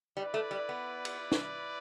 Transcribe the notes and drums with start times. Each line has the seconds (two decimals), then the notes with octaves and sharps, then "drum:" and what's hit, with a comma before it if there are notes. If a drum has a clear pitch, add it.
0.16 G3 E4 B4 D5
0.34 A3
0.51 G3
0.69 B3
1.05 drum: cymbal
1.32 drum: snare